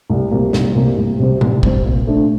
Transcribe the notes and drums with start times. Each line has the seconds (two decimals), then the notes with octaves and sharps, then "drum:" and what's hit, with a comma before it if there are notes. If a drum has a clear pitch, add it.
0.10 C2
0.31 C3 G3 A#3
0.53 C2, drum: snare
0.75 C3 G3 A#3
0.97 C2
1.19 C3 G3 C4
1.41 C2, drum: tom A#2
1.63 C3 G3 C4, drum: kick
1.85 A#2
2.07 A3 D4